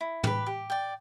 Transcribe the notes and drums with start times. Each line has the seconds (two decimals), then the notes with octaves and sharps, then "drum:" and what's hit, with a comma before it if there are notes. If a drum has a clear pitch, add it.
0.01 E4
0.23 G4 B4, drum: tom
0.46 G4
0.70 D5 G5